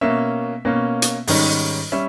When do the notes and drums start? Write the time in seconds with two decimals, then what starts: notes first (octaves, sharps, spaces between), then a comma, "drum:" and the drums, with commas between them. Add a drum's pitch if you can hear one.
0.01 B2 A#3 C#4 E5
0.65 B2 A#3 C#4
1.02 drum: hi-hat
1.27 G#2 D#3 G3 C#4, drum: open hi-hat
1.92 G3 C#4 E5